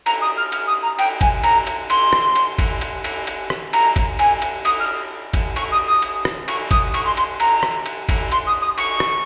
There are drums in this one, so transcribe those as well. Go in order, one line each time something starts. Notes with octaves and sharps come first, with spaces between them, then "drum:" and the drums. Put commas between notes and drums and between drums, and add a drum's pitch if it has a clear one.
A#5, drum: cymbal
D#6
F6
F6, drum: cymbal
D#6
A#5
G5, drum: cymbal
G#5, drum: kick, cymbal
A#5, drum: cymbal
drum: cymbal
C6, drum: cymbal
drum: rim click
drum: cymbal
drum: kick, cymbal
drum: cymbal
drum: cymbal
drum: cymbal
drum: rim click
A#5, drum: cymbal
drum: kick, cymbal
G#5, drum: cymbal
drum: cymbal
D#6, drum: cymbal
F6
drum: kick, cymbal
C#6, drum: cymbal
D#6
D#6
drum: cymbal
drum: rim click
C#6, drum: cymbal
D#6, drum: kick, cymbal
C#6, drum: cymbal
C6
C6, drum: cymbal
A#5, drum: cymbal
drum: rim click
drum: cymbal
drum: kick, cymbal
C6, drum: cymbal
D#6
D#6
C#6, drum: cymbal
drum: rim click